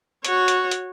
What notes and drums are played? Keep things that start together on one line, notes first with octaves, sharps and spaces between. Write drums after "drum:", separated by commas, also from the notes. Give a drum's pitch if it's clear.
F#4 C#5, drum: hi-hat
drum: hi-hat
drum: hi-hat